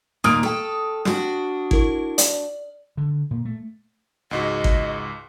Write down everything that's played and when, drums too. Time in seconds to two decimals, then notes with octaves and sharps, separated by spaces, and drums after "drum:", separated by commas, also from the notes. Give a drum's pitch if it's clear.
0.24 D#2 A#2 D#6 F6 D7 D#7
0.43 A4 G5 C#6
1.05 D4 F#4, drum: snare
1.71 E4 A#4 C#6, drum: kick
2.18 D5, drum: hi-hat
2.97 D3
3.31 A#2
3.45 A3
4.31 C#2 G#2 F#4 D#5
4.64 drum: kick